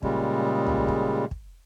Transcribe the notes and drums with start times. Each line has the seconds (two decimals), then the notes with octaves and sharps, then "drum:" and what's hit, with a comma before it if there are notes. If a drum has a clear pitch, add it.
0.03 A#2 C#3 G3 G#3, drum: kick
0.67 drum: tom
0.88 drum: kick
1.31 drum: kick